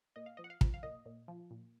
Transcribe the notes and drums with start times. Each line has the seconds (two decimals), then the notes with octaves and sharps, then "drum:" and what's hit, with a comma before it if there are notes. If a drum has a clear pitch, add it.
0.16 A#2 D#5
0.26 F5
0.37 F3 D#5
0.44 F#5
0.50 F5
0.61 F3, drum: kick
0.74 F5
0.83 A#2 D#5
1.06 A#2
1.28 F3
1.51 A#2